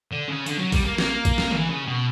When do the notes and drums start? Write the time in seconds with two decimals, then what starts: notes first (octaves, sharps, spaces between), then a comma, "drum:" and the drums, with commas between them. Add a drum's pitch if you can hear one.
0.12 D3
0.28 C#3
0.46 D3, drum: hi-hat
0.59 F#3
0.72 G3, drum: kick A#1, open hi-hat
0.85 A#3
0.98 A#3, drum: snare
1.25 drum: kick A#1, hi-hat
1.38 drum: snare
1.51 E3, drum: tom C#3
1.69 C#3
1.86 B2